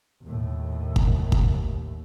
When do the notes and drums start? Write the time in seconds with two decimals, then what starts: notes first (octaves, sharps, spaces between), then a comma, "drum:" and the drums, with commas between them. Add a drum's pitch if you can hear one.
0.24 D#2 A2
0.96 drum: kick
1.32 drum: kick